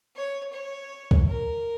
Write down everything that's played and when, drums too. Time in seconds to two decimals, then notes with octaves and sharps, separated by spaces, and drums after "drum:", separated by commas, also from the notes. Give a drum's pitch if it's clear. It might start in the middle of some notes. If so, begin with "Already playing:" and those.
0.16 C#5
0.53 C#5
1.11 drum: kick C2
1.28 A#4